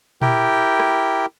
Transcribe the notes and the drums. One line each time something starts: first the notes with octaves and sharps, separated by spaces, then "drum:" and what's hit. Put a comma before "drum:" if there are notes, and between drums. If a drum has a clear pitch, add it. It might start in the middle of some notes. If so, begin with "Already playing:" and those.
E4 G4 A#4 G5, drum: tom A#2
drum: rim click